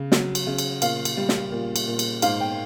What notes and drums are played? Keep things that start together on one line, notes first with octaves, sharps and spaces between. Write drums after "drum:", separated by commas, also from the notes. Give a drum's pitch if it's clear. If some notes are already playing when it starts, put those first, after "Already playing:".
Already playing: C#3
F#3, drum: snare
drum: cymbal
C#3
drum: cymbal
A#2 F5, drum: cymbal
drum: cymbal
G3
drum: snare
A#2
drum: cymbal
A#2
drum: cymbal
G#2 F5, drum: cymbal
G5